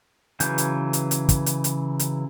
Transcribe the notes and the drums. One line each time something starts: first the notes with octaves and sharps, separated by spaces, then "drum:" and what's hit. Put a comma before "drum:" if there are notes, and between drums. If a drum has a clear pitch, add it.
C#3 E3 F#3 B4 G6, drum: hi-hat
drum: hi-hat
drum: hi-hat
drum: hi-hat
drum: kick, hi-hat
drum: hi-hat
drum: hi-hat
drum: hi-hat